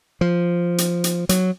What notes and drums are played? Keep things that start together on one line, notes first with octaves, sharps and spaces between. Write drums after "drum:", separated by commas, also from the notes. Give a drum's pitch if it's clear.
F3
drum: hi-hat
drum: hi-hat
F#3, drum: hi-hat